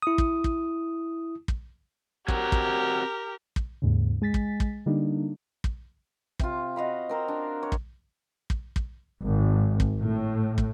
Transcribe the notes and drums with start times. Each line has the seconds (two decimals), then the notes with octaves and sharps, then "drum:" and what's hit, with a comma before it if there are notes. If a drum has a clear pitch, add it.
0.02 E4 D#6
0.18 drum: kick
0.44 drum: kick
1.48 drum: kick
2.28 C4 F#4 G4 A#4 C#5, drum: kick
2.52 drum: kick
3.56 drum: kick
3.82 D#2 G#2 C#3
4.22 G#3 G#5 A6 B6
4.34 drum: kick
4.60 drum: kick
4.86 D3 G3 A#3 D4 D#4
5.64 drum: kick
6.39 C3 F4, drum: kick
6.76 F#4 D#5 F5 B5
7.09 C4 A#4 C5
7.28 D4
7.63 C#5
7.72 drum: kick
8.50 drum: kick
8.76 drum: kick
9.23 G#1
9.80 drum: kick
10.02 A2
10.58 drum: kick